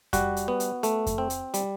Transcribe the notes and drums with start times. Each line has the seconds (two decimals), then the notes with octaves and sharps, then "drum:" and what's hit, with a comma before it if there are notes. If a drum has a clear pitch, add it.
0.13 G3 F#4, drum: kick F2, hi-hat
0.37 drum: hi-hat
0.48 B3
0.60 drum: hi-hat
0.83 A3, drum: hi-hat
1.06 drum: kick F2, hi-hat
1.18 C4
1.30 drum: hi-hat
1.54 G3, drum: hi-hat